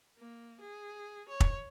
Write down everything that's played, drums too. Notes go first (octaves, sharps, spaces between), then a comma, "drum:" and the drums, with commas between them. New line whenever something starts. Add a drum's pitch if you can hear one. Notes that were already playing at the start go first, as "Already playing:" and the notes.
A#3
G#4
C#5
drum: kick